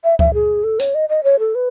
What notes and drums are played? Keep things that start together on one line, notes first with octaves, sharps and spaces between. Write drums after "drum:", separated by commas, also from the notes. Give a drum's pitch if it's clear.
E5
E5, drum: kick C#2
G#4
A4
C#5, drum: hi-hat
D#5
D#5
C#5
A4
B4